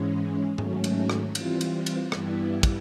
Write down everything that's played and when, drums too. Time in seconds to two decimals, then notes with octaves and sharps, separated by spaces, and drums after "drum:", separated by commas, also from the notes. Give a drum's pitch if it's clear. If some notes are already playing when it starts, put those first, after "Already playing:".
Already playing: G#2 E3 G#3 C#4
0.58 G#2 D#3 F#3 A3 C#4, drum: tom G#2
0.84 drum: cymbal
1.10 drum: rim click
1.35 E3 G3 C4 F4, drum: cymbal
1.61 drum: cymbal
1.86 drum: cymbal
2.12 G2 E3 G3 B3 E4, drum: rim click
2.63 drum: kick, cymbal